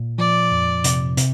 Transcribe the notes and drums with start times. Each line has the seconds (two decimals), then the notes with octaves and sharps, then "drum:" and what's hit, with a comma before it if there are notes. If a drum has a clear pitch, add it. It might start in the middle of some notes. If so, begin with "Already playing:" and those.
Already playing: A#2
0.18 F3 D5
0.52 F2
0.84 C3, drum: hi-hat
1.17 C3, drum: hi-hat